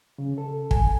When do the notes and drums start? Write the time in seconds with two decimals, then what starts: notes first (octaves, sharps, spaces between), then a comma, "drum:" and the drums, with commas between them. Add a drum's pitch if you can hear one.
0.18 C#3
0.38 A4
0.71 G#5, drum: kick